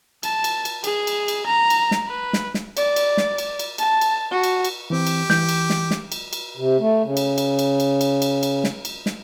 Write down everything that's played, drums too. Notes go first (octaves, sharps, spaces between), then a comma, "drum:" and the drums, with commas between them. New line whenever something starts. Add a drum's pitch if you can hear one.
A5, drum: cymbal
drum: cymbal
drum: cymbal
G#4, drum: cymbal
drum: cymbal
drum: cymbal
A#5
drum: cymbal
drum: snare
B4
drum: snare
drum: snare
D5, drum: cymbal
drum: cymbal
drum: snare
drum: cymbal
drum: cymbal
A5, drum: cymbal
drum: cymbal
F#4
drum: cymbal
drum: cymbal
E3 C4 G4
drum: cymbal
E3 G6, drum: snare
drum: cymbal
drum: snare
drum: snare
drum: cymbal
drum: cymbal
C3
A3
C#3
drum: cymbal
drum: cymbal
drum: cymbal
drum: cymbal
drum: cymbal
drum: cymbal
drum: cymbal
drum: snare
drum: cymbal
drum: snare